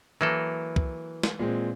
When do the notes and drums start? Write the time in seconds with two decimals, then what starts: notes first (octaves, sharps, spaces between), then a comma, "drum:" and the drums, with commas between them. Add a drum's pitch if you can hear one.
0.21 E3 F#3 A#3 A4
0.76 drum: kick C2
1.23 drum: snare
1.39 A#2 G#3 C4